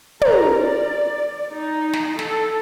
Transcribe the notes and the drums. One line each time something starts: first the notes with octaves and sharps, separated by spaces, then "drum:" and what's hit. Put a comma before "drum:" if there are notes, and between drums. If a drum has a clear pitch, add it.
A#4, drum: tom
D5
D#4
drum: snare
A4, drum: snare